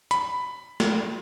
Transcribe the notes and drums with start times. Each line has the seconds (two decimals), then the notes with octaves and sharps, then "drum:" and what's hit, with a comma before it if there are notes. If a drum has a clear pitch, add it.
0.11 B5, drum: hi-hat
0.80 drum: snare